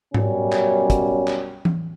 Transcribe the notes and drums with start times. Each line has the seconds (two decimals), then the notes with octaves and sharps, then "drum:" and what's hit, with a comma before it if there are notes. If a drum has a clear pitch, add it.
0.14 F#2 B2 G3 C#4, drum: tom G#2
0.52 drum: clap
0.90 drum: kick, hi-hat
1.28 drum: clap
1.65 drum: tom E3